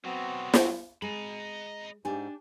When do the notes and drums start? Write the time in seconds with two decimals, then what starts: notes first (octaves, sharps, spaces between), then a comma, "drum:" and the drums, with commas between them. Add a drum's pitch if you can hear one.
0.04 C3 F#3 B3 C4 F#4
0.54 drum: snare
1.02 G#3 D#5 A#5 B5
2.05 G#2 D4 G4 G#5